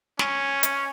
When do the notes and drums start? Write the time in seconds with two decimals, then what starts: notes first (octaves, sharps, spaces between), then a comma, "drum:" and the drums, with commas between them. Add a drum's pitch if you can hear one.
0.19 C#4, drum: snare
0.63 drum: hi-hat